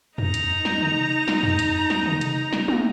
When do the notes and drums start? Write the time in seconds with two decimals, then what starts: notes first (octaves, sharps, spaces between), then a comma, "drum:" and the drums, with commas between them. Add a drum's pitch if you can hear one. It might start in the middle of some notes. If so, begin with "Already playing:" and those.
0.18 D#4 A#5, drum: tom
0.34 drum: hi-hat
0.65 drum: snare
0.81 drum: tom
1.28 drum: snare
1.43 drum: tom
1.59 drum: hi-hat
1.90 drum: snare
2.06 drum: tom
2.21 drum: hi-hat
2.53 drum: snare
2.68 drum: tom